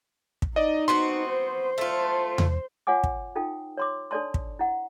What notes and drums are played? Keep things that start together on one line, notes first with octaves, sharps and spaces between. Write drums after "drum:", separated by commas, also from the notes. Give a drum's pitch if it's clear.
drum: kick
D#4 D5 D#5
B3 C4 F#4 C6
C5
A3 F4
drum: tom E2
F4 C#5 F#5 G#5 D6
drum: kick
D#4 F4 A4 G5
C#5 C6 D6
D4 A4 C#5 D5 A5 C6
drum: kick
E4 F#5